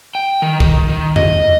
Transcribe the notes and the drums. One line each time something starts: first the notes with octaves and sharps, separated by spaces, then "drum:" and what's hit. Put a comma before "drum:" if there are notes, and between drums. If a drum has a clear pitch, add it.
G5
D#3
D#3, drum: kick
D#3
D#5, drum: tom E2